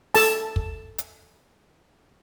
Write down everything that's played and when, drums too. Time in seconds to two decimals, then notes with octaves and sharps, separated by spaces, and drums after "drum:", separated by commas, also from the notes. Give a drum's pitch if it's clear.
0.14 A4 A5, drum: open hi-hat
0.56 drum: kick
0.98 drum: hi-hat